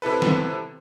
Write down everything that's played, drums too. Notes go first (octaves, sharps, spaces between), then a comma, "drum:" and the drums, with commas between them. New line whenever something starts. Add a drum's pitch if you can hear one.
C3 E4 A4 B4
drum: snare